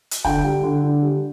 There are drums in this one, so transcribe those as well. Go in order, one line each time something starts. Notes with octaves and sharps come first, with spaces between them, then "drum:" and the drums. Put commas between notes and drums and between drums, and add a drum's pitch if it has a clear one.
drum: hi-hat
D3 G5, drum: kick
G3
D3
D3
G3